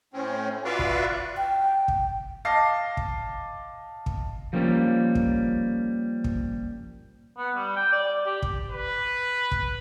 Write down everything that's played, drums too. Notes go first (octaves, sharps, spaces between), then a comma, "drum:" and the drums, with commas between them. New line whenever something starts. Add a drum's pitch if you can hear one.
A2 C4 C#4
F4 F#4 B4 D5 E5 F5
drum: kick
G5
drum: kick
D#5 F5 A5 D6 A#6 C7
drum: kick
drum: kick
F3 G3 A#3 C#4
drum: kick
drum: kick
B3
G3
G5
D5
G4
drum: kick
B4
drum: kick